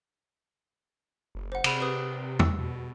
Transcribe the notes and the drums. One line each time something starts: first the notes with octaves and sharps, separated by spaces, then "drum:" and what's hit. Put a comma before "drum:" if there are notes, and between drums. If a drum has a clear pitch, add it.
F#1
C5 F#5
C3 B5 D#7, drum: cymbal
G4 B4 D#6
E6, drum: tom
B2